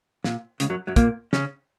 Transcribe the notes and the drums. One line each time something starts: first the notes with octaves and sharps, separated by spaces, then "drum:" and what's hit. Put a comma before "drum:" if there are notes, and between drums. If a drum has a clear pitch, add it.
A#2, drum: snare
C#2 C#3, drum: hi-hat
F#2 F#3
F#2 F#3
A#2 A#3, drum: kick, hi-hat
C#3 C#4, drum: snare